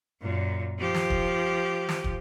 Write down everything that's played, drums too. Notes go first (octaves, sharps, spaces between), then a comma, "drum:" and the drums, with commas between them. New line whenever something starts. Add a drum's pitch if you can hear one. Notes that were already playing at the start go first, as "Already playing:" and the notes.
F#2 A#2
F3 G4
drum: snare
drum: kick
drum: snare
drum: kick